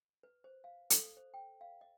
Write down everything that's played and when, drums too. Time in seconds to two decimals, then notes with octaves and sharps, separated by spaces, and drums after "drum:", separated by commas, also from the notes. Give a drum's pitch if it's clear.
0.23 B4
0.44 C5
0.64 F5
0.90 A4, drum: hi-hat
1.17 C5
1.34 G5
1.61 F5
1.81 D#5